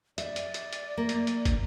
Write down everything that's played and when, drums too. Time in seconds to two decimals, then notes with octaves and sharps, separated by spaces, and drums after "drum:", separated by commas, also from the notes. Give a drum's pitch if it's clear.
0.18 D5 E5, drum: hi-hat
0.36 drum: hi-hat
0.54 drum: hi-hat
0.73 drum: hi-hat
0.97 A#3
1.09 drum: hi-hat
1.27 drum: hi-hat
1.45 drum: kick, hi-hat